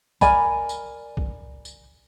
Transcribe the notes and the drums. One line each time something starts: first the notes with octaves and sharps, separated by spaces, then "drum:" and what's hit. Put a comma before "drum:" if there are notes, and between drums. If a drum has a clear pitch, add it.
A#4 D5 G#5 B5, drum: kick, tambourine
drum: tambourine
drum: kick
drum: tambourine